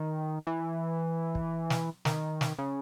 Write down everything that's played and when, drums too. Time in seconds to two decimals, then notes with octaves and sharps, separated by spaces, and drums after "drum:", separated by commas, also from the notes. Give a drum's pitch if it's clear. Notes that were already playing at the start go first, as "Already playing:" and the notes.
Already playing: D#3
0.47 E3
1.35 drum: kick
1.70 drum: snare
2.05 D#3, drum: snare
2.41 drum: snare
2.58 C#3